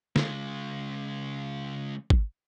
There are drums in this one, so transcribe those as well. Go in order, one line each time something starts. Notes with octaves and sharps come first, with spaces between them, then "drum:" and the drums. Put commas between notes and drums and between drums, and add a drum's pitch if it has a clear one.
C#3 G#3, drum: snare
drum: kick G#1